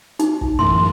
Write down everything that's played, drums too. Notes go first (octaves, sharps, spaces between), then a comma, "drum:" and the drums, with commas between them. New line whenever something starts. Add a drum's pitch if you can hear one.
D#4, drum: hi-hat
drum: kick
F#2 A2 E3 C6